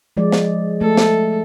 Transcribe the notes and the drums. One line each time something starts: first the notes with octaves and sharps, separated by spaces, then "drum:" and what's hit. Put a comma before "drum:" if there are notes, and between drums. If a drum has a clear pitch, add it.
F3 G#3 D5
drum: snare
A3 A4
drum: snare